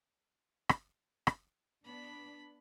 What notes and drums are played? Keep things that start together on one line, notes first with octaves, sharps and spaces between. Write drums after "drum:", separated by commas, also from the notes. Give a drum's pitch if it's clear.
drum: rim click
drum: rim click
B3 D4 B5